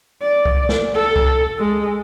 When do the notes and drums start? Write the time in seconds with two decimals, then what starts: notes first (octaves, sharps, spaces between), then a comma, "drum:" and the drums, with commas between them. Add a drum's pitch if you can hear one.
0.22 D5
0.46 drum: kick C2
0.69 drum: snare
0.95 A4
1.16 drum: kick C2
1.59 G#3